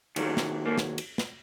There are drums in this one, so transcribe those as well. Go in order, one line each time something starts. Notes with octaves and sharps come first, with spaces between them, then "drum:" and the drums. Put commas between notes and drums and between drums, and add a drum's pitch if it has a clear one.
D#2 D#3 F#3 G3, drum: cymbal
drum: snare
A#3
drum: snare
drum: cymbal
drum: snare